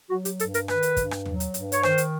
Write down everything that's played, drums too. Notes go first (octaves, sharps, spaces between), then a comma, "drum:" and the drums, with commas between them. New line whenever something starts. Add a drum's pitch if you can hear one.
F#3 F#4
G4, drum: hi-hat
G2 A4, drum: hi-hat
A#4, drum: hi-hat
D#3 B4, drum: rim click
drum: hi-hat
G2, drum: kick, hi-hat
drum: rim click
F#3, drum: tom D#2
drum: hi-hat
G2, drum: hi-hat
C#5, drum: hi-hat
D#3 C5, drum: rim click
drum: hi-hat